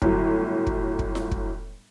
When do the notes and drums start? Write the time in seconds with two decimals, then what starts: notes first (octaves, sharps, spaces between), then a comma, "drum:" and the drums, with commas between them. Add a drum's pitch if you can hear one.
0.02 G1 A2 F#3, drum: kick
0.67 drum: kick
0.99 drum: kick
1.15 drum: snare F4
1.31 drum: kick